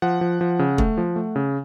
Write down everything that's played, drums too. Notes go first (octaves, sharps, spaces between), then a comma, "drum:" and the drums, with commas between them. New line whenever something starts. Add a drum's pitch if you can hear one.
F3 F#5
F3
F3
C#3
A3, drum: kick
F3
A3
C#3